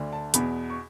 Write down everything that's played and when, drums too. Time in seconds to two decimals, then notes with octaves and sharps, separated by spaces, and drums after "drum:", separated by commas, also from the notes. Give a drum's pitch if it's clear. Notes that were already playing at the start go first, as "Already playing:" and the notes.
Already playing: D2 D3
0.13 A5
0.34 E2 B2 B5, drum: hi-hat
0.70 C#6